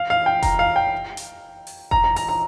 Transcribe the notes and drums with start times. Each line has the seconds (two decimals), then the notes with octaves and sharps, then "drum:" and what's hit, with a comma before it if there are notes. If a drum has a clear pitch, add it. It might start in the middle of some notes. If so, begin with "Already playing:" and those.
Already playing: F5
0.10 F5
0.26 G5
0.42 A#5, drum: kick F1, hi-hat
0.59 F5
0.76 G5
1.17 drum: hi-hat
1.67 drum: open hi-hat
1.91 A#5, drum: kick F1
2.04 A#5
2.16 A#5, drum: open hi-hat
2.29 A#5